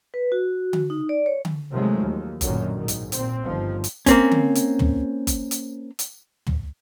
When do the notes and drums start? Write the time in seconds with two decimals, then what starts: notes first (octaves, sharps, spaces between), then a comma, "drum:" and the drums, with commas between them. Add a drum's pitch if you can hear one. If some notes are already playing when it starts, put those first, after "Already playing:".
0.14 B4
0.32 F#4
0.73 drum: tom D3
0.90 D#4
1.09 D5
1.26 C#5
1.45 drum: tom D3
1.70 C3 D#3 F3 F#3 G#3 A3
2.00 D#2
2.41 A1 F#2 A#2 D3 D#3 F#3, drum: kick F#1, hi-hat
2.76 B1 G#2 D#3
2.88 drum: hi-hat
3.12 A#2 C4, drum: hi-hat
3.43 G1 D#3 F3
3.84 drum: hi-hat
4.06 A#3 C4 C#4, drum: kick F#1, hi-hat
4.31 drum: tom D3
4.55 drum: hi-hat
4.79 drum: tom
5.27 drum: kick F#1, hi-hat
5.51 drum: hi-hat
5.99 drum: hi-hat
6.47 drum: tom